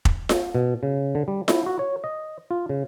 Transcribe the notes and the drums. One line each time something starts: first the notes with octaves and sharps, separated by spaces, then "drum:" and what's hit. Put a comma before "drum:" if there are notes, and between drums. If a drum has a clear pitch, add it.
drum: kick
drum: snare F4
B2
C#3
D3
G3
E4, drum: snare F4
F#4
C#5
D#5
F4
C#3